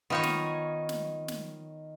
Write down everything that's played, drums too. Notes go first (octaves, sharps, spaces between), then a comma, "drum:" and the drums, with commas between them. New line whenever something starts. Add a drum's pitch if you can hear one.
D#3 B3 D#4 F4 C#5
drum: snare
drum: snare
drum: snare